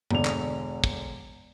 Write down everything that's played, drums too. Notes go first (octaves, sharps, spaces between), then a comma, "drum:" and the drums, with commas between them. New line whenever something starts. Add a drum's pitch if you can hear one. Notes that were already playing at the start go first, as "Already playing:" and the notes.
E1 D3 F7, drum: tom G2
drum: clap
drum: kick